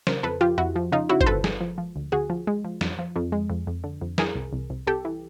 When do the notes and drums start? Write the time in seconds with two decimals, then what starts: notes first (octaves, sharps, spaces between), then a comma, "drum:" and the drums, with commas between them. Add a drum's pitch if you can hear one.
0.07 C#3 A#4 C5, drum: snare
0.23 F2 A4 B4
0.41 F3 F4 G4
0.58 F2 E4 F#4
0.76 F3
0.92 C#3 D#4 F4
1.09 C#3 E4 F#4
1.21 C5, drum: kick
1.26 G1 A4 B4
1.44 G#3, drum: snare
1.61 F3
1.78 F3
1.96 D2
2.12 D2 F#4 G#4
2.30 F3
2.47 G#3
2.64 F3
2.81 F2, drum: snare
2.99 F3
3.16 F2
3.32 G#3
3.50 F2
3.67 F2
3.84 D3
4.01 F2
4.18 E3 G#4 A#4, drum: snare
4.35 C2
4.53 C2
4.70 C2
4.87 C2 G4 A4
5.05 E3